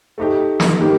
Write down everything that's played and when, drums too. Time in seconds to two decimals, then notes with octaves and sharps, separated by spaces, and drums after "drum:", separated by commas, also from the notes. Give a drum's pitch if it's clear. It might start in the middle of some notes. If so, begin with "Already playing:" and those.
0.18 A3 D#4 G4
0.60 drum: snare
0.80 D#3 G3 A#3 D#4 G4